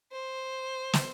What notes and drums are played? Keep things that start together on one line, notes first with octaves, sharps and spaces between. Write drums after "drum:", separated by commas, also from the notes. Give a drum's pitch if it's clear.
C5
drum: snare